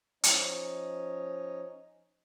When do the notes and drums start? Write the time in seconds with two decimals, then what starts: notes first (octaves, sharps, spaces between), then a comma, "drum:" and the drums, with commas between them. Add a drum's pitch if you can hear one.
0.23 F3 C#4 D#4 C#5 D#5, drum: hi-hat